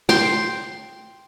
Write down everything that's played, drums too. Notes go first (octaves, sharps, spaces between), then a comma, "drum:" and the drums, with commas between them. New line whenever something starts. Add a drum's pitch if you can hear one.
G5 C6, drum: snare